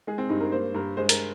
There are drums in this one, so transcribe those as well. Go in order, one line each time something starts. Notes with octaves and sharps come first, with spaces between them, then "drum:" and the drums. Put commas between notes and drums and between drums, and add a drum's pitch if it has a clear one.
G#3 G#4
C4
G2 D#4
A#4
A#3 C5
G2 A#4
G#3 C5
A#4, drum: hi-hat